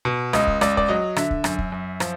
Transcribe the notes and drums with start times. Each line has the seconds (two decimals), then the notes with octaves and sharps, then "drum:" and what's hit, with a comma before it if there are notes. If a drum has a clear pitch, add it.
0.05 B2
0.33 C#2 D#5, drum: rim click
0.47 drum: kick
0.61 C#2 D5, drum: rim click
0.77 D5, drum: kick
0.88 F#3 D#5
1.16 D3 E5, drum: rim click
1.31 drum: kick
1.44 F#2, drum: rim click
1.58 drum: kick
1.72 F#2
2.00 F3, drum: rim click